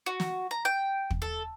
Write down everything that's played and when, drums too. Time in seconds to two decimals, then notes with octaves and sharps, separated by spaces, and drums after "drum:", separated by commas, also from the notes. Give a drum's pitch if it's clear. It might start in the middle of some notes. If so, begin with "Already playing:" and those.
0.06 F#4
0.20 drum: snare
0.51 A#5
0.65 G5
1.10 drum: kick
1.22 A4